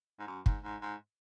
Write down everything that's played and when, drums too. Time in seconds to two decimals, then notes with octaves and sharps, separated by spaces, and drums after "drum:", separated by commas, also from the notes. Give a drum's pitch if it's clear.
0.20 G#2
0.27 F#2
0.46 G#2, drum: kick
0.63 G#2
0.82 G#2